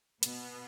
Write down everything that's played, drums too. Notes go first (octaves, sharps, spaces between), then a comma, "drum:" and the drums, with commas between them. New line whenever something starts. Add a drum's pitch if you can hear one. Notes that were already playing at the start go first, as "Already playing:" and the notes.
B2 B3, drum: hi-hat